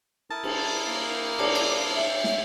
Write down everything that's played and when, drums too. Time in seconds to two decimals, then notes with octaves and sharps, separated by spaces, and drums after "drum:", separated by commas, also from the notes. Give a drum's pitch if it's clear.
0.31 E4 A#4 A5 D#6
0.43 drum: cymbal
0.87 A#3
1.39 C#5 D5 A5 D6, drum: cymbal
1.55 drum: cymbal
1.95 C#5 E5
2.24 drum: snare